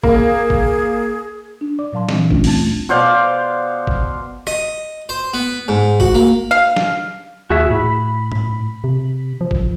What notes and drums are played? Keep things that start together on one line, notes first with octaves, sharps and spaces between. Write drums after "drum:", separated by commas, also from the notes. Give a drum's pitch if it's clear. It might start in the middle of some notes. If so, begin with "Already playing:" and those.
A#3 G#4, drum: kick
drum: kick
D4
D5 D6
A#2 F#3 F5 A5 C6
E3 G3 C4 D4, drum: snare
G3 A3 C#4 D4 F4, drum: kick
D2 A3 C4 A5 A6, drum: open hi-hat
B2 C5 D5 F5
drum: kick
D#5, drum: rim click
C5
B3
G#2
F#4, drum: kick
A#3
F5
drum: snare
D#2 F#4 G#4 E5
A2 B5
drum: tom
C3
F3
drum: kick